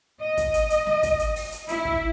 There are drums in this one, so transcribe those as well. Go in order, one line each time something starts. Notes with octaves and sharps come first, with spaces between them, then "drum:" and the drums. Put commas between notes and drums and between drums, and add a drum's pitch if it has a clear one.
D#5
drum: kick, hi-hat
drum: hi-hat
drum: hi-hat
drum: snare
drum: kick, hi-hat
drum: hi-hat
drum: open hi-hat
drum: hi-hat
E4, drum: hi-hat
drum: kick